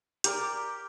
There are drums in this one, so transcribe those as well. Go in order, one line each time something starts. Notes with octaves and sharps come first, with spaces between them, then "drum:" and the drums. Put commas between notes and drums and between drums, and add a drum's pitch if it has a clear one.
G4 A#4 D5, drum: hi-hat